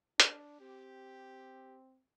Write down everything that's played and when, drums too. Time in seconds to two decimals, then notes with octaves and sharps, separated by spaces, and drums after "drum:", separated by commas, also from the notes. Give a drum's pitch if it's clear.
0.20 D4, drum: hi-hat
0.61 C4 G4